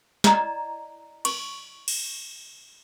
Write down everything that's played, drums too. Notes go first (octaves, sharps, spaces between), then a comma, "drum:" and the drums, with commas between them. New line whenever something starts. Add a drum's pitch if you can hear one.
E4 D5 D#5 A#5, drum: snare
C#6, drum: cymbal
drum: cymbal